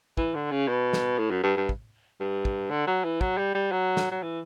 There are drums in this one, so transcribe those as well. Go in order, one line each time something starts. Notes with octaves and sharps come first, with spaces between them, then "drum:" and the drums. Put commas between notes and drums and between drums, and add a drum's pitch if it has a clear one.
E3, drum: kick
D3
C#3
B2
drum: snare
A2
F#2
G2
G2
drum: kick
G2
drum: kick
D3
F#3
E3
F#3, drum: kick
G3
G3
F#3
drum: snare
F#3
E3